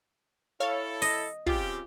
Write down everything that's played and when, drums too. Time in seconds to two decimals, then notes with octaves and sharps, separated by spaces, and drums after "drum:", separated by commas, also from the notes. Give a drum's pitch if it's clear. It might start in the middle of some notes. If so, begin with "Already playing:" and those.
0.60 E4 A4 C#5 F5
1.02 D#5, drum: open hi-hat
1.46 C#3 C4 F4 G4, drum: kick